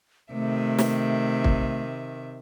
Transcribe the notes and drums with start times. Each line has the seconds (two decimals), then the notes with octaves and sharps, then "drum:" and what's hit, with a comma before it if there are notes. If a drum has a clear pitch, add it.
0.33 C3 D#3 A3 E5
0.79 drum: snare
1.44 drum: kick